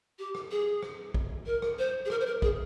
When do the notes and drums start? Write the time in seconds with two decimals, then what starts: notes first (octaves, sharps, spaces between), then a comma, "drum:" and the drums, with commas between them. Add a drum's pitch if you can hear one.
0.19 G4
0.35 drum: rim click
0.51 G#4
0.83 drum: rim click
1.14 drum: kick
1.46 A#4
1.62 drum: rim click
1.78 C5
2.05 G#4
2.10 A#4, drum: rim click
2.20 C5
2.26 A#4
2.42 G#4, drum: kick